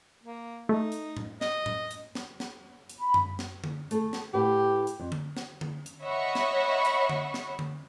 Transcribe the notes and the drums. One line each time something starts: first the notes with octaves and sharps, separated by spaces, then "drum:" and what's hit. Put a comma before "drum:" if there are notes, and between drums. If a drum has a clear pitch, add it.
A#3
A3 D#4
drum: hi-hat
drum: tom A2
D#5, drum: snare
drum: tom A2
drum: hi-hat
drum: snare
drum: snare
drum: hi-hat
B5
drum: tom F#2
drum: snare
drum: tom D3
A3 G#4 A4, drum: hi-hat
drum: snare
A2 G4 B4 F#5
drum: hi-hat
F2
drum: tom D3
drum: snare
drum: tom D3
drum: hi-hat
C#5 D#5 E5 F#5 B5 C#6
drum: snare
drum: hi-hat
drum: tom D3
drum: snare
drum: tom D3